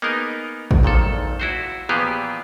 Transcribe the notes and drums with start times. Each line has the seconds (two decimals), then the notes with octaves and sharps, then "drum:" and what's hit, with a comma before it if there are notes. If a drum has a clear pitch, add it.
0.02 A#3 B3 D#4 G#4 A#4 D#5
0.71 drum: kick
0.83 G#1 A#2 D#3 A4
1.40 E4 F#4 C5
1.89 A#2 E3 F3 B3 G4 G#4